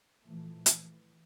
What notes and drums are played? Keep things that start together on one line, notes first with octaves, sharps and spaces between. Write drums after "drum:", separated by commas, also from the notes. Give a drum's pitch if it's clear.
A#2 E3 F3 A3
E3, drum: hi-hat